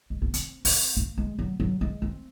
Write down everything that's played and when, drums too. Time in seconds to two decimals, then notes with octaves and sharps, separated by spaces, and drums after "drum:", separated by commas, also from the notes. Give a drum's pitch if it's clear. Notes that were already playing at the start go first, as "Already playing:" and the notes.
0.10 G#3
0.22 A#3
0.34 C4, drum: hi-hat
0.65 C4, drum: open hi-hat
0.97 A#3
1.18 G#3
1.39 F#3
1.60 F#3
1.81 G#3
2.02 C4